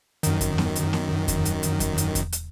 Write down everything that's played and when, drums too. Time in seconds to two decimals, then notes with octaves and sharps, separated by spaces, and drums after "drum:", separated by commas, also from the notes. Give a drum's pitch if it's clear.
0.23 F#2 D#3, drum: hi-hat
0.41 drum: kick E2, hi-hat
0.58 drum: snare B3
0.76 drum: hi-hat
0.93 drum: snare B3
1.28 drum: kick E2, hi-hat
1.45 drum: hi-hat
1.63 drum: hi-hat
1.80 drum: kick E2, hi-hat
1.98 drum: hi-hat
2.15 drum: kick E2, hi-hat
2.32 drum: hi-hat